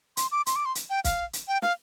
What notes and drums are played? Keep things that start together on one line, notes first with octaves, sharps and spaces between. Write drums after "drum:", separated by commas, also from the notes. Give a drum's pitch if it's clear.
C6, drum: hi-hat
D6
C6, drum: hi-hat
D6
C6
drum: hi-hat
G5
F5, drum: kick, hi-hat
drum: hi-hat
G5
F5, drum: snare